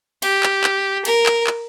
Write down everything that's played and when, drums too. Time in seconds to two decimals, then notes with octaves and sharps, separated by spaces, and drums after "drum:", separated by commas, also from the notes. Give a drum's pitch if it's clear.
0.22 G4, drum: cymbal
0.43 drum: clap
0.64 drum: clap
1.05 A#4, drum: cymbal
1.26 drum: clap
1.47 drum: clap